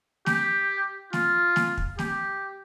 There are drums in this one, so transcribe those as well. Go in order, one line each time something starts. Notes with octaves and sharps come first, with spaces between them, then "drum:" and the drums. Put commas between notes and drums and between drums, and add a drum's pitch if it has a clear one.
G4, drum: snare
F4, drum: snare
drum: snare
drum: kick
G4, drum: snare